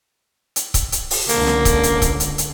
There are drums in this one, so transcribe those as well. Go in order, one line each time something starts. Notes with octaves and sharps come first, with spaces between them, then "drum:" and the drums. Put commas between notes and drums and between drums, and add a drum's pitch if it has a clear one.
drum: hi-hat
drum: kick C#1, hi-hat
drum: hi-hat
drum: open hi-hat
C#2 D3 A#3, drum: hi-hat
drum: snare
drum: kick C#1, hi-hat
drum: hi-hat
drum: kick C#1, hi-hat
drum: hi-hat
drum: hi-hat